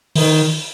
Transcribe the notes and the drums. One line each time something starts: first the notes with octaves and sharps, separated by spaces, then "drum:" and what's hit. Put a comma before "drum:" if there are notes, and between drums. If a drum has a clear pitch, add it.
D#3, drum: open hi-hat